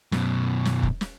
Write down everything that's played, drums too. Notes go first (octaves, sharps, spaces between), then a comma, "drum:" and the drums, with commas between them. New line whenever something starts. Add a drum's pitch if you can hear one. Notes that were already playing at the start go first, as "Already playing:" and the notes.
F#2 B2, drum: snare
drum: snare
drum: kick
drum: snare